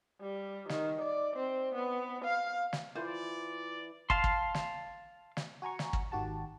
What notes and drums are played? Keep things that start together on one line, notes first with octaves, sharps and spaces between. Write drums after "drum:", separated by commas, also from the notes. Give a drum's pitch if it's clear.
G3
D#3, drum: snare
D5
C4
B3
F5
drum: snare
E3 F4 C5 D5
F5 A5 C6, drum: kick
drum: kick
drum: snare
drum: snare
F#4 G#5 A#5 C#6
drum: snare
drum: kick
G#1 D#3 F#4 G4 A5